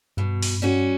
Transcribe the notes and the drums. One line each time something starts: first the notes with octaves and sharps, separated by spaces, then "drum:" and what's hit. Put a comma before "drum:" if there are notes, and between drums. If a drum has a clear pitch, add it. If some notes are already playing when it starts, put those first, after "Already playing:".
G2 B2
drum: open hi-hat
G3 C#4 F#4